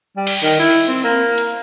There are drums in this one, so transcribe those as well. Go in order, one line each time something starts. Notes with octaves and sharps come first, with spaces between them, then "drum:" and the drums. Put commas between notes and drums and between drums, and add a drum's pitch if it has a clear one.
G3
drum: cymbal
D#3, drum: tambourine
E4
C4
A#3
drum: hi-hat